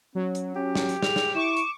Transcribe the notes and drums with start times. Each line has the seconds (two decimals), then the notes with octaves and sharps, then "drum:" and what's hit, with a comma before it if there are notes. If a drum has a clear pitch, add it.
0.15 F#3 C#4
0.35 drum: hi-hat
0.56 C#4 G4
0.75 drum: snare
0.89 drum: hi-hat
1.02 G#4 F7, drum: snare
1.16 drum: snare
1.35 E4 C#6 D6 E7
1.57 drum: hi-hat